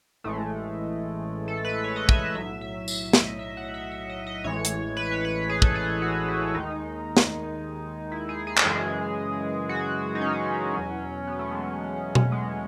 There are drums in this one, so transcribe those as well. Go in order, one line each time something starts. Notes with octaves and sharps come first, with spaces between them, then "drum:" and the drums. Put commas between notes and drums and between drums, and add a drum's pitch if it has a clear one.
A1 A2 E3 G#3 A3
A4
B4
C#5
D#5
E5, drum: kick
B1 A2 F#3 E5
E5
E5, drum: tambourine
D#5, drum: snare
E5
F#5
E5
E5
D#5
D#5
A1 A2 E3 G#3 C#5
drum: hi-hat
B4
C#5
B4
G#4
A4, drum: kick
G#4
F#4
E4
D#2 D#3 G#3 D#4
drum: snare
E4
G#4
G#4
A4, drum: clap
F#2 C#3 E3 G#3 G#4
F#4
D#4
C#4
E2 B2 F#3
B3
A3
G#3
A3
drum: tom B2
G#3